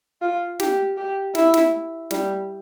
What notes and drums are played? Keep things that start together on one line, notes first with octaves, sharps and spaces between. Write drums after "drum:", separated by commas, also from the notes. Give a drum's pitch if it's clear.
F4
G4, drum: snare
G4
E4, drum: snare
drum: snare
G3, drum: snare